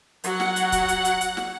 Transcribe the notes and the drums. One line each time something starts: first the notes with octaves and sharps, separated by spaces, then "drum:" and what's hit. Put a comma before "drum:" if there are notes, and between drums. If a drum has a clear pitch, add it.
F#3 F#4 F#5, drum: hi-hat
drum: snare
drum: hi-hat
drum: kick, hi-hat
drum: hi-hat
drum: hi-hat
drum: hi-hat
drum: snare